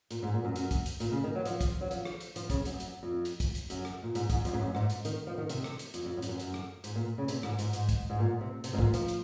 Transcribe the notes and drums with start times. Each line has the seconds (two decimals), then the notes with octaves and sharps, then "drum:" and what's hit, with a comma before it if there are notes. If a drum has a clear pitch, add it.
0.11 A#2, drum: hi-hat
0.23 G#2
0.34 A#2
0.45 F#2
0.56 F#2, drum: hi-hat
0.71 drum: kick, hi-hat
0.86 drum: hi-hat
1.00 A#2, drum: hi-hat
1.12 C#3
1.23 D#3
1.35 F#3
1.46 F3, drum: hi-hat
1.61 drum: kick, hi-hat
1.81 F#3
1.91 F3, drum: hi-hat
2.05 drum: rim click
2.20 drum: hi-hat
2.36 F3, drum: hi-hat
2.50 C#3, drum: kick, hi-hat
2.65 F#2, drum: hi-hat
2.80 F#2, drum: hi-hat
3.03 F2
3.25 drum: hi-hat
3.40 drum: kick, hi-hat
3.55 drum: hi-hat
3.70 F#2, drum: hi-hat
3.85 drum: rim click
4.03 A#2
4.15 G#2, drum: hi-hat
4.30 G#2, drum: kick, hi-hat
4.45 F2, drum: hi-hat
4.53 G#2
4.59 F#2
4.75 G#2, drum: rim click
4.90 drum: hi-hat
5.05 D#3, drum: hi-hat
5.27 F3
5.38 D#3
5.49 C3, drum: hi-hat
5.64 drum: rim click
5.79 drum: hi-hat
5.94 F2, drum: hi-hat
6.05 F2
6.17 F#2
6.22 F2, drum: hi-hat
6.28 F#2
6.40 F#2, drum: hi-hat
6.54 drum: rim click
6.84 G#2, drum: hi-hat
6.95 A#2
7.18 C#3
7.28 C3, drum: hi-hat
7.43 G#2, drum: rim click
7.59 G#2, drum: hi-hat
7.73 G#2, drum: hi-hat
7.89 drum: kick, hi-hat
8.10 G#2
8.19 A#2
8.41 C3
8.64 C3, drum: hi-hat
8.73 G#2
8.78 A#2, drum: kick
8.94 F3, drum: hi-hat
9.08 drum: hi-hat